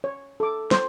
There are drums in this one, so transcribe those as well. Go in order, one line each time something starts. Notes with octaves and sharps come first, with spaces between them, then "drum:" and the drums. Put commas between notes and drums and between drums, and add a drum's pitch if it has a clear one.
C#5
A4 D6
C5, drum: snare